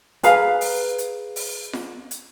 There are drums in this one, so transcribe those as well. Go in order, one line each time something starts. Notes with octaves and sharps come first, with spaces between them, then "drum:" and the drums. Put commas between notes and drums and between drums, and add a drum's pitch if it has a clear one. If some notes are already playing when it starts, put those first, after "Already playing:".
G#4 B4 F5 A#5, drum: hi-hat
drum: open hi-hat
drum: hi-hat
drum: open hi-hat
drum: snare F4
drum: hi-hat